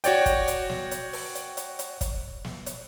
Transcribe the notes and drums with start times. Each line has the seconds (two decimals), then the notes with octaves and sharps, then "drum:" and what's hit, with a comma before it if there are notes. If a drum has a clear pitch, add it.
0.04 F#4 C#5 D5 G5, drum: hi-hat
0.26 drum: kick, hi-hat
0.48 drum: hi-hat
0.69 drum: snare
0.91 drum: hi-hat
1.13 drum: open hi-hat
1.35 drum: hi-hat
1.57 drum: hi-hat
1.79 drum: hi-hat
2.01 drum: kick, hi-hat
2.44 drum: snare
2.66 drum: hi-hat